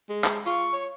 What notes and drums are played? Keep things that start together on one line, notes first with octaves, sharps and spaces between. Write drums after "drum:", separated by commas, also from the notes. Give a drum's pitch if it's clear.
G#3
drum: clap
F4 C#6, drum: tambourine
C#5